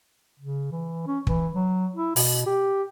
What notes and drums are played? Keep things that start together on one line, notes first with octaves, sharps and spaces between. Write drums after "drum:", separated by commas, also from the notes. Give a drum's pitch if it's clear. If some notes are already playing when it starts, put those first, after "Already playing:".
C#3
E3
C#4
E3, drum: kick
F#3
E4
B2, drum: open hi-hat
G4